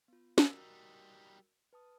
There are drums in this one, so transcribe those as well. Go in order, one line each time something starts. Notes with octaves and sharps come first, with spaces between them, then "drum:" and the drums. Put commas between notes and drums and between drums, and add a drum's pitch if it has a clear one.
B3 F4
G3 D#4 F#4 A#4 E6, drum: snare
B4 A5 D#6